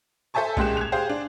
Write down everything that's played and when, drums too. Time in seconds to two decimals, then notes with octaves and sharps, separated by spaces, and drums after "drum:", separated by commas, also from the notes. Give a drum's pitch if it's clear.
0.34 A4 C5 E5 G#5 A5 C#6
0.57 C#2 A#2 G#3 G4 F#6 E7, drum: kick B1
0.77 G#6 F7
0.92 G4 G#4 C5 F5
1.09 D4